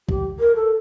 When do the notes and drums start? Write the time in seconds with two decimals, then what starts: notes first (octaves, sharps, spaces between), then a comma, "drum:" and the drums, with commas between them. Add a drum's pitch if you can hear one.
0.09 G4, drum: kick
0.39 A#4
0.55 A4